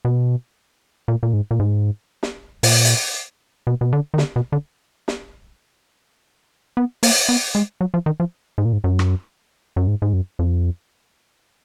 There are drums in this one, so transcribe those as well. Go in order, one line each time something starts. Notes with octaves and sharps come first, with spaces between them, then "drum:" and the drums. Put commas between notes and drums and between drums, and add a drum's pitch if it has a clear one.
B2
A#2
A#2
G#2
A#2
G#2
drum: snare
A#2, drum: open hi-hat
drum: hi-hat
B2
B2
D3
D#3
D3, drum: snare
B2
D3
drum: snare
B3
A#3, drum: open hi-hat
B3
G#3
F#3
F3
D#3
F3
G#2
A#2
G#2
F#2
drum: rim click
F#2
G#2
G#2
F#2
F2